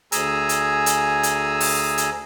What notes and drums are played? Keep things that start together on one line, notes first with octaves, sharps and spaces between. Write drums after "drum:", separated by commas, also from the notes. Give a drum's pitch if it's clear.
D2 G#4 G#5 A#5 E6, drum: hi-hat
drum: hi-hat
drum: hi-hat
drum: hi-hat
drum: open hi-hat
drum: hi-hat